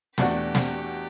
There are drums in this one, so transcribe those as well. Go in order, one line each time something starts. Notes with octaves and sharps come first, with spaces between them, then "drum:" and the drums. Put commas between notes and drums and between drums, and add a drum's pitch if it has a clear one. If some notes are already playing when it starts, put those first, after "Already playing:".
E2 B2 A3 D4 F#4 G4, drum: snare
drum: snare